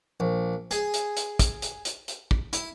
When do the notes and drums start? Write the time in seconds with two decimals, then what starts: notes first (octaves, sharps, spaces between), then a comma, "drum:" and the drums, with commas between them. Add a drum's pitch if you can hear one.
0.20 A#1
0.71 G#4, drum: hi-hat
0.94 drum: hi-hat
1.17 drum: hi-hat
1.39 drum: kick, hi-hat
1.62 drum: hi-hat
1.85 drum: hi-hat
2.08 drum: hi-hat
2.31 drum: kick
2.53 E4, drum: hi-hat